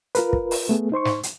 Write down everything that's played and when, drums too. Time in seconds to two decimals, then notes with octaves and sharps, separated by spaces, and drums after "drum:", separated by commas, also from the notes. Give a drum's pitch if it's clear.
0.15 F4 A#4 B4, drum: hi-hat
0.33 drum: kick
0.51 drum: open hi-hat
0.69 A3 B3 G#4
0.92 D#4 C5 C6 C#6
1.05 drum: snare
1.23 drum: hi-hat